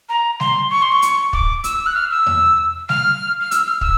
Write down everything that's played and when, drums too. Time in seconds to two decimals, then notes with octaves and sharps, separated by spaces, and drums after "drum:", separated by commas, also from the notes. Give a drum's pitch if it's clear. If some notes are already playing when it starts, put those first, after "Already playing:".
0.09 A#5
0.40 C6, drum: snare G3
0.71 C#6
0.82 C6
0.92 C#6
1.02 drum: hi-hat
1.33 D6, drum: kick
1.64 E6, drum: hi-hat
1.86 F#6
1.95 F6
2.11 E6
2.26 drum: tom E2
2.89 F6, drum: snare G3
3.40 F6
3.51 E6, drum: hi-hat
3.66 F6
3.81 E6, drum: kick